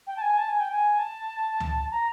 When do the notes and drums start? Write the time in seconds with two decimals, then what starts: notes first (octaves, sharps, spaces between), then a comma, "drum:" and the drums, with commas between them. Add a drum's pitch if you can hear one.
0.07 G5
0.17 A5
0.22 G#5
0.38 A5
0.49 G#5
0.60 G5
0.72 G#5
0.99 A5
1.60 drum: tom C#2
1.91 A#5